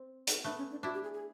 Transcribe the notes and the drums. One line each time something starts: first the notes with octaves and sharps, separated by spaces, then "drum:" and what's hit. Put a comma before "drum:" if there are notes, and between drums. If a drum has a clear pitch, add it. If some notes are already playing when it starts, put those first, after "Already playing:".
Already playing: C4
drum: hi-hat
A3 B3 D4
C#4
D4
D4 E4 F#4
G4
G#4
G#4